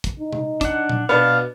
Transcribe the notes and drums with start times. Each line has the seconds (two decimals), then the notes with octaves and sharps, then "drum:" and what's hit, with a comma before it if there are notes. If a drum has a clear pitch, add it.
0.04 drum: kick, hi-hat
0.20 D#4
0.33 drum: tom C3
0.61 D4 F#5, drum: kick, hi-hat
0.89 drum: tom A#2
1.09 B2 B3 D4 F5